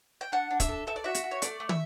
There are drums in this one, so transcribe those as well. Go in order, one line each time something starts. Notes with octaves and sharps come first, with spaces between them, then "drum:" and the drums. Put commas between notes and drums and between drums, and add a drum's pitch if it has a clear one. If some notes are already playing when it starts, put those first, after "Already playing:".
G5
D4 F#5
D4
E5, drum: kick, hi-hat
A4
A4 E5
D5
F#4 E5
drum: hi-hat
F#4
C#5
A3 D5, drum: hi-hat
A3
E5, drum: tom